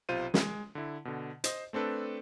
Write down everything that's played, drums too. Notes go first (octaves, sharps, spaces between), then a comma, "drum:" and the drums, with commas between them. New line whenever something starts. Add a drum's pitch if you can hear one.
B1 C3 F4 C5 D#7
G#3, drum: snare
D3 E4
B2 D3
C5 D#5, drum: hi-hat
A3 C4 D4 A4 B4